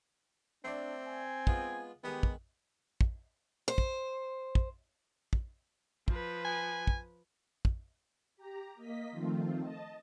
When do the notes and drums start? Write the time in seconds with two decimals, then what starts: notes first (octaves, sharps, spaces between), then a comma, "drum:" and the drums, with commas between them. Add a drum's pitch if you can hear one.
0.65 A3 C4 D4 D5
1.07 G#5
1.47 G#3 B3 F4, drum: kick
2.04 D#3 G#3 B3 G4
2.23 drum: kick
3.01 drum: kick
3.68 C5
3.78 drum: kick
4.55 drum: kick
5.33 drum: kick
6.08 F3 B4, drum: kick
6.45 G#5
6.87 drum: kick
7.65 drum: kick
8.36 G4 A#5
8.75 A#3 D#5 B6
9.12 D#3 F3 A3 C4 F4
9.62 D#5 A5